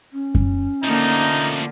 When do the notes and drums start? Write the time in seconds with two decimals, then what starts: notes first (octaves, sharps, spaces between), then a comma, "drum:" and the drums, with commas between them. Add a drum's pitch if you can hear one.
0.13 C#4
0.35 drum: kick F#2
0.84 D3 F3 A3 A#3 D#4